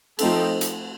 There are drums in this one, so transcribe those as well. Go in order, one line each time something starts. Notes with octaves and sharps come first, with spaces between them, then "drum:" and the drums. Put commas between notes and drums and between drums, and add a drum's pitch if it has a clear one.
F3 A3 C4 D#4 A4, drum: cymbal
drum: hi-hat